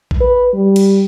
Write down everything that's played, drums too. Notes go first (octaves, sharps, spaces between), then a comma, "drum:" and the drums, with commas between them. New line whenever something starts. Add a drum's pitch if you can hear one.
drum: kick A#1
B4
G3
drum: cymbal